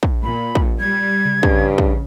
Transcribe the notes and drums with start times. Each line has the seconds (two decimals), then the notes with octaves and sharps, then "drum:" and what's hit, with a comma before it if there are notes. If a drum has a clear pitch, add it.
0.03 drum: kick
0.23 A#2 B5
0.55 drum: kick
0.80 G3 G#6
1.26 drum: tom C3
1.43 G2 C#3, drum: kick
1.78 drum: kick